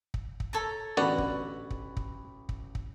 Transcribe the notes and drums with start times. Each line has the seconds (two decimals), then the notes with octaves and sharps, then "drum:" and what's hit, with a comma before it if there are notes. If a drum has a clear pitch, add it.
0.14 drum: kick
0.40 drum: kick
0.53 A4 C#5 A#5
0.97 A1 D3 B3 F#4 D5 F#5 B5
1.18 drum: kick
1.70 drum: kick
1.97 drum: kick
2.49 drum: kick
2.75 drum: kick